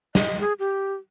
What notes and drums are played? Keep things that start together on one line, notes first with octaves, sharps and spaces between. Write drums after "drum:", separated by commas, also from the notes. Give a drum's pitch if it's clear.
D#5, drum: snare
G#4
G4